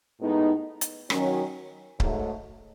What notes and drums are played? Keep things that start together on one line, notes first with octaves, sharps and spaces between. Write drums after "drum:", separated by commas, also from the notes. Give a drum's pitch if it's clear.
A2 G#3 B3 D#4
drum: hi-hat
D#3 F#3 C#4, drum: rim click
G#2 F#3 A3, drum: kick C#1